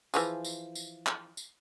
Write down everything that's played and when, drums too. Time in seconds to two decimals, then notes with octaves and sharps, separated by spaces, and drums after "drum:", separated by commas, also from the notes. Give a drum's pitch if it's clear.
0.14 E3 F3 G#4, drum: tambourine
0.45 drum: tambourine
0.75 drum: tambourine
1.06 drum: clap
1.37 drum: tambourine